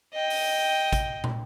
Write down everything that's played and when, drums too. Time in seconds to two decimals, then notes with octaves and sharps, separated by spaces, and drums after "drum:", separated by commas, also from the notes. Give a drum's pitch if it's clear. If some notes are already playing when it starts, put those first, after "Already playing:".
0.14 D#5 G5
0.30 drum: open hi-hat
0.93 drum: kick A1, hi-hat
1.24 drum: tom